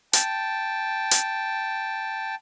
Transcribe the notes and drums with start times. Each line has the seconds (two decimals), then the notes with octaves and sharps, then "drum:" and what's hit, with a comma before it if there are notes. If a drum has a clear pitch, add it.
0.13 G5 A5, drum: hi-hat
1.11 drum: hi-hat